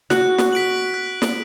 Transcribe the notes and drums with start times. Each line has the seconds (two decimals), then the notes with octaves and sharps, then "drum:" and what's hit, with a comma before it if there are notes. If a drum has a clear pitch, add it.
0.10 F#4 F#6, drum: snare
0.38 drum: snare
0.53 B6 D7 F#7
0.94 F#6
1.22 drum: snare